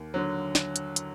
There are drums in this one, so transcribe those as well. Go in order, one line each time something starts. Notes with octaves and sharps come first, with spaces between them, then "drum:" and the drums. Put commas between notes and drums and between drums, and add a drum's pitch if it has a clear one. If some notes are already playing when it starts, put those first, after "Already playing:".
Already playing: D#2
D3 F#3
drum: snare
drum: hi-hat
drum: hi-hat